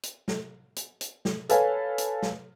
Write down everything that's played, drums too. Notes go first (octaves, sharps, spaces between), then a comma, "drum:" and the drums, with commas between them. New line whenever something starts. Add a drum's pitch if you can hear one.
drum: hi-hat
drum: snare
drum: hi-hat
drum: hi-hat
drum: snare
A4 B4 C#5 F5 G#5, drum: hi-hat
drum: hi-hat
drum: snare